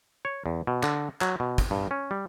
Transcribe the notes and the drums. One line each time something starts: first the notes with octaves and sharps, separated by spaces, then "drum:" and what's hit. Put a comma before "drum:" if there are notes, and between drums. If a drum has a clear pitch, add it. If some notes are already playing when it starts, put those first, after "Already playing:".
C#5
E2
B2
D3, drum: clap
F#3, drum: clap
B2
drum: kick, hi-hat
G2
C#4
G3